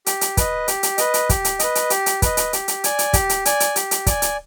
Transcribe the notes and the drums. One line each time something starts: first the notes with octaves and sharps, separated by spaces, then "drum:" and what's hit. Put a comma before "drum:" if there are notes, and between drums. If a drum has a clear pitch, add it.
G4, drum: hi-hat
drum: hi-hat
B4 D#5, drum: kick, hi-hat
G4, drum: hi-hat
drum: hi-hat
B4 D#5, drum: hi-hat
drum: hi-hat
G4, drum: kick, hi-hat
drum: hi-hat
B4 D#5, drum: hi-hat
drum: hi-hat
G4, drum: hi-hat
drum: hi-hat
B4 D#5, drum: kick, hi-hat
drum: hi-hat
G4, drum: hi-hat
drum: hi-hat
D5 G#5, drum: hi-hat
drum: hi-hat
G4, drum: kick, hi-hat
drum: hi-hat
D5 G#5, drum: hi-hat
drum: hi-hat
G4, drum: hi-hat
drum: hi-hat
D5 G#5, drum: kick, hi-hat
drum: hi-hat